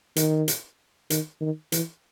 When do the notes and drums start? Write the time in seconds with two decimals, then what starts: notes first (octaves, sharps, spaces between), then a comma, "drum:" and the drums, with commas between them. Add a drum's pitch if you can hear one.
0.16 D#3, drum: hi-hat
0.48 drum: hi-hat
1.10 D#3, drum: hi-hat
1.41 D#3
1.72 E3, drum: hi-hat